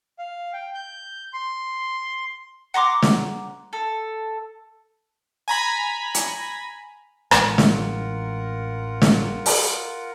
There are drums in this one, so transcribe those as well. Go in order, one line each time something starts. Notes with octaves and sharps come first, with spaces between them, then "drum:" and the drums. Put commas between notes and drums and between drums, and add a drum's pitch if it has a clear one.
F5
G5
G6
C6
F#5 A#5 C6 D6
drum: snare
A4
G#5 A#5 B5
drum: hi-hat
A1 E3 G#3 F4 A#4 F#5, drum: rim click
drum: snare
drum: snare
drum: open hi-hat